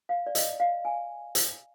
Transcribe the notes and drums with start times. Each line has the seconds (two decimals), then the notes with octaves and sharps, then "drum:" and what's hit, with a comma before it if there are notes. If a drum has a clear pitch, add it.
0.09 F5
0.26 D5
0.35 D#5, drum: hi-hat
0.60 F5
0.85 G#5
1.35 drum: hi-hat